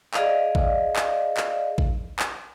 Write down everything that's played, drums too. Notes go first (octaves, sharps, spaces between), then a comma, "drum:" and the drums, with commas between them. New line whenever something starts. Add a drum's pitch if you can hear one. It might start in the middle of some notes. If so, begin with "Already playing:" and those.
G#4 D5 D#5 F5, drum: clap
drum: kick A1
drum: clap
drum: clap
drum: kick A1
drum: clap